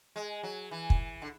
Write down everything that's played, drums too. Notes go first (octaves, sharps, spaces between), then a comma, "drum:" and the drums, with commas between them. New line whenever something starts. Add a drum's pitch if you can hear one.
G#3
F#3
E3
drum: kick
D3